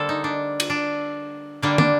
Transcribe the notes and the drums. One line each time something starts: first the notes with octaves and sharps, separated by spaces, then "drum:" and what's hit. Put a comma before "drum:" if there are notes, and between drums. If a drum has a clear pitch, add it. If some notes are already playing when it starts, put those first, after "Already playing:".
Already playing: D3 G3 A#3 A4 C5
D#4
D4
drum: cymbal
D4
D3 G3 A#3 D4
D4, drum: tom